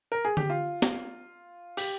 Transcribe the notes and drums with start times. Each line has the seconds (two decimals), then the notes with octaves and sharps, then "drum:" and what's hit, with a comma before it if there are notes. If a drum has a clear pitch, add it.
0.12 A#4
0.25 G#4
0.37 G4, drum: tom D3
0.50 F4
0.82 drum: snare
1.77 G4, drum: cymbal